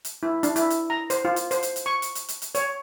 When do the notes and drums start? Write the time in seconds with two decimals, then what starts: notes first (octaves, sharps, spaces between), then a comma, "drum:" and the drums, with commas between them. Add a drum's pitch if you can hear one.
0.05 drum: hi-hat
0.23 E4
0.43 D4, drum: hi-hat
0.56 E4, drum: hi-hat
0.70 drum: hi-hat
0.90 A#5
1.10 C5, drum: hi-hat
1.25 F4
1.36 drum: hi-hat
1.51 C5, drum: hi-hat
1.63 drum: hi-hat
1.76 drum: hi-hat
1.86 C#6
2.02 drum: hi-hat
2.15 drum: hi-hat
2.29 drum: hi-hat
2.42 drum: hi-hat
2.55 C#5, drum: hi-hat